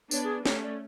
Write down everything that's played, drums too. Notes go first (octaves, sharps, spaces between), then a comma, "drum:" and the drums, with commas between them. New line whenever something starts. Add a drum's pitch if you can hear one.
B3 D4 C#5, drum: tambourine
G#4
A3 C#4 C#5, drum: snare
D5